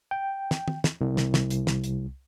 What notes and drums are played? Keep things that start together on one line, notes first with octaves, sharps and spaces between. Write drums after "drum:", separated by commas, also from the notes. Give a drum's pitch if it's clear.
G5
drum: snare
drum: tom
drum: snare
C2
drum: snare
drum: snare
drum: hi-hat
drum: snare
drum: hi-hat